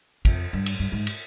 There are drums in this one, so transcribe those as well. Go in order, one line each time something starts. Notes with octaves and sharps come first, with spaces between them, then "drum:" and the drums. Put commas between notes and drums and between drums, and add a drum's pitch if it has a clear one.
F2, drum: kick, cymbal
G2
drum: cymbal
G2
G#2
drum: cymbal